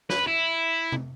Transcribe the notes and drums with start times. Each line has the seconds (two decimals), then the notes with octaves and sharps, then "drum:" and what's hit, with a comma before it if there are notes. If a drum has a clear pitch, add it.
0.10 B4, drum: snare
0.27 E4
0.92 drum: tom C3